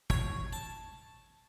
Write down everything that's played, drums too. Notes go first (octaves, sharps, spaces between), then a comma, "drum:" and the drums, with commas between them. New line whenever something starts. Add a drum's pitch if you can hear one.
C#5, drum: kick
A5